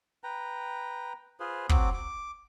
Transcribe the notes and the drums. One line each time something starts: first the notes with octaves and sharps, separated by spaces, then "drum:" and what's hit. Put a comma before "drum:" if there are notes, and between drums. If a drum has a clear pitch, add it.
B4 G5 A#5
F4 G#4 B4 C5
F#3 C4 D6, drum: kick
D6